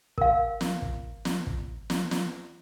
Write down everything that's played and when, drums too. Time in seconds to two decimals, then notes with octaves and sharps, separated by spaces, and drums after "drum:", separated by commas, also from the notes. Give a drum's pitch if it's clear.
0.18 A#4 F5, drum: kick
0.61 drum: snare
0.82 drum: kick
1.25 drum: snare
1.47 drum: kick
1.90 drum: snare
2.11 drum: snare